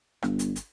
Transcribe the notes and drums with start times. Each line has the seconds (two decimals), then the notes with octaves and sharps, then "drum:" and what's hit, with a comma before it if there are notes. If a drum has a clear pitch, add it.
0.22 G1, drum: rim click
0.39 drum: hi-hat
0.56 drum: hi-hat